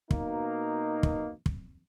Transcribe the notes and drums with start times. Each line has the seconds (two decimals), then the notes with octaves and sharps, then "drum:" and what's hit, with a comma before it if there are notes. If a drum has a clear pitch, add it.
0.11 B2 A#3 D#4, drum: kick
1.03 drum: kick
1.46 drum: kick